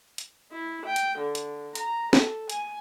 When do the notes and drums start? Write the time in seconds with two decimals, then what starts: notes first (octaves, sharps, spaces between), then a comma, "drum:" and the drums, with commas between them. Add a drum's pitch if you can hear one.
0.18 drum: hi-hat
0.51 E4
0.85 G5
0.96 drum: hi-hat
1.19 D3
1.35 drum: hi-hat
1.75 A#5, drum: hi-hat
2.13 A4, drum: snare
2.50 G#5, drum: hi-hat